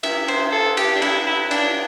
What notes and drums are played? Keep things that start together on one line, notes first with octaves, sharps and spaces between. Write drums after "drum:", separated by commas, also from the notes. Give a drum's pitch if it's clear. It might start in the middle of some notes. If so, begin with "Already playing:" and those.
E5, drum: cymbal
C5, drum: cymbal
A4
G4, drum: cymbal
D4
E4, drum: cymbal
E4
D4, drum: cymbal